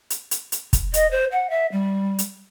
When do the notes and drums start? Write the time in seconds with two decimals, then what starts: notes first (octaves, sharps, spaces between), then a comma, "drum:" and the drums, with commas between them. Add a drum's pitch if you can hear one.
0.10 drum: hi-hat
0.31 drum: hi-hat
0.52 drum: hi-hat
0.73 drum: kick, hi-hat
0.94 D#5, drum: hi-hat
1.11 C5
1.32 F#5
1.50 E5
1.72 G3
2.19 drum: hi-hat